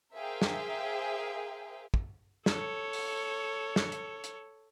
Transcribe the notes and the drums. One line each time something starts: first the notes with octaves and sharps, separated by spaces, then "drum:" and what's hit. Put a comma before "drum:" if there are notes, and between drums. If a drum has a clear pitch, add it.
G#4 A#4 C5 E5 F5 G5
drum: snare
drum: kick
A4 C#5, drum: snare
drum: open hi-hat
drum: snare
drum: hi-hat
drum: hi-hat